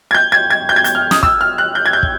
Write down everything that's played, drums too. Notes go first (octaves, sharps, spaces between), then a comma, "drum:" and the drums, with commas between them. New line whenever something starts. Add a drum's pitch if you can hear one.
G#6
G6
G#6
G#6
G6
G#6
G6, drum: hi-hat
F6
D#6, drum: snare
E6, drum: kick
F6
F#6
G6
G#6
G6
drum: kick